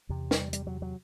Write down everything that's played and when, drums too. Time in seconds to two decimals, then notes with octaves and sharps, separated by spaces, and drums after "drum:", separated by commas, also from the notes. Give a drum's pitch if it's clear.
0.09 E2 C3
0.31 G3, drum: snare
0.53 G3, drum: hi-hat
0.67 F#3
0.82 F#3